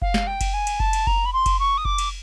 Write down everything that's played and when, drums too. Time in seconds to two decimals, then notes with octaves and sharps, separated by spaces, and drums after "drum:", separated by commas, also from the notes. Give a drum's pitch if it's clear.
0.02 F5, drum: kick F#1
0.14 drum: snare
0.27 G5
0.41 drum: kick F#1, cymbal
0.54 G#5
0.67 drum: cymbal
0.80 A5, drum: kick F#1
0.93 drum: cymbal
1.07 A#5, drum: kick F#1
1.26 B5
1.33 C6
1.46 drum: kick F#1, cymbal
1.60 C#6
1.78 D#6
1.85 D6, drum: kick F#1
1.98 drum: cymbal